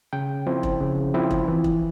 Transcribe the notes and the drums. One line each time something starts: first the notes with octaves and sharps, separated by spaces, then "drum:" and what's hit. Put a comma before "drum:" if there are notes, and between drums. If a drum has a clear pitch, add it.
C#3 G5
F3 C4 E4
drum: kick E1
C#3
F3 C4 E4
drum: kick E1
E3
drum: kick E1